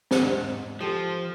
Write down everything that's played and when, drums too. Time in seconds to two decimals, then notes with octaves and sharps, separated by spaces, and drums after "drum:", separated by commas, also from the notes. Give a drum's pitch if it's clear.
0.11 drum: snare
0.23 G#2
0.81 F3 G4 A4